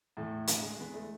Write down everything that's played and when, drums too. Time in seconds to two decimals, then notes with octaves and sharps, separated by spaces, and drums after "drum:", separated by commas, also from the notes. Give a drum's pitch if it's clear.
0.17 E2 A2 A3
0.47 D3, drum: hi-hat
0.62 G#3
0.78 E2 B3
0.94 A3